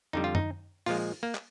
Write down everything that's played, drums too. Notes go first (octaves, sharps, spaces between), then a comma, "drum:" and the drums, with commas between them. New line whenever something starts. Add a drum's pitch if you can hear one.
F2 D3 G3 D#4
F4
D#4, drum: tom F#2
A#2 F3 G#3 F4, drum: open hi-hat
A#3
drum: clap